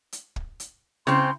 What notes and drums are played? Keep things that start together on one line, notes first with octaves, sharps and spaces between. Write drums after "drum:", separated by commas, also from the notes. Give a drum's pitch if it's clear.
drum: hi-hat
drum: kick
drum: hi-hat
C#3 C4 C6, drum: snare E4